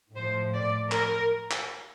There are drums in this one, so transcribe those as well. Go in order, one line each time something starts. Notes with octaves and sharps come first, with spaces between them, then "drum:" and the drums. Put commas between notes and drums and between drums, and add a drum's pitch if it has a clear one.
A2 F3 C5
D5
A#4, drum: clap
drum: clap